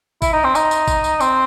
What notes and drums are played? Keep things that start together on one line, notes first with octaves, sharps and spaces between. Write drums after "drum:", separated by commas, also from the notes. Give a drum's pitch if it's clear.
E4, drum: kick G#1, tambourine
D#4
C4
D#4, drum: tambourine
drum: tambourine
drum: kick G#1, tambourine
drum: tambourine
C4, drum: tambourine